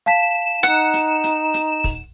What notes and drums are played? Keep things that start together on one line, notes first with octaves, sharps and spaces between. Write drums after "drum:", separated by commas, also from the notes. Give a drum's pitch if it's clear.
F5 A5 B6 E7
D#4 F#5 C#7, drum: hi-hat
drum: hi-hat
drum: hi-hat
drum: hi-hat
drum: kick, open hi-hat